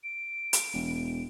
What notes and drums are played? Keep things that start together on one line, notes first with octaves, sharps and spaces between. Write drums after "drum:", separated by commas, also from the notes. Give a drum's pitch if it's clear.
D7
drum: hi-hat
E1